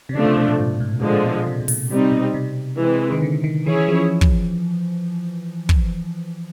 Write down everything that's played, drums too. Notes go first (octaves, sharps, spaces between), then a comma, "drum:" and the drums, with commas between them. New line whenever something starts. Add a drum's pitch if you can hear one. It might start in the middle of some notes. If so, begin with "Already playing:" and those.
C3
C#3 F3 A3 D4
C3
B2
A#2
G#2
A2
A2 D3 F3 G#3
A#2
B2
B2
C3
B2
A#2, drum: open hi-hat
C3 G3 C4 D#4
B2
C3
E3 G#3 C4
D#3
D3
D#3
E3 C#4 E4 G#4 C#5
F3
drum: kick
drum: kick